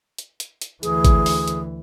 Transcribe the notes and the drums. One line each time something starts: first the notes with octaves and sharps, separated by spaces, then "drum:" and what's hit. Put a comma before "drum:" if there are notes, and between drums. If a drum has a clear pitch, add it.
drum: hi-hat
drum: hi-hat
drum: hi-hat
D2 E3 G#4, drum: hi-hat
drum: kick G#1, hi-hat
drum: open hi-hat
drum: hi-hat